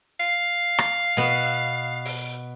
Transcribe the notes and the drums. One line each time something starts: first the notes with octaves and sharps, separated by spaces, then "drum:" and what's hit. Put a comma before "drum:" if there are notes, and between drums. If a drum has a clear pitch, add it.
F5
drum: rim click
B2 B3
drum: open hi-hat